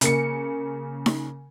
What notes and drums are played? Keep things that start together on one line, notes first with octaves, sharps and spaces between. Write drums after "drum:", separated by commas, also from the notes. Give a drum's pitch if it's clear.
C#3 A#3 C#7, drum: hi-hat
drum: snare D#4